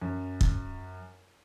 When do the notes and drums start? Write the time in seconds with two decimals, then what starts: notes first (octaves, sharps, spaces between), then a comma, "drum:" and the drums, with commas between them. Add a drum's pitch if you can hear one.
0.02 F#2
0.41 drum: kick